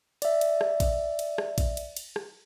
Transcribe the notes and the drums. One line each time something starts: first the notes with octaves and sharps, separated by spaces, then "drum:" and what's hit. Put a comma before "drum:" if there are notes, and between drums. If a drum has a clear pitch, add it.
D5 E5, drum: cymbal
drum: cymbal
drum: rim click
drum: kick A1, cymbal
drum: cymbal
drum: rim click
drum: kick A1, cymbal
drum: cymbal
drum: cymbal
drum: rim click